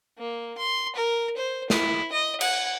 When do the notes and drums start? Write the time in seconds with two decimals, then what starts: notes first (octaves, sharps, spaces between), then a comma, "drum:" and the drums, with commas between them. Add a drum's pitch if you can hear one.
0.18 A#3
0.58 C6
0.96 A#4
1.37 C5
1.70 E4, drum: snare
2.12 D#5
2.41 F#5, drum: cymbal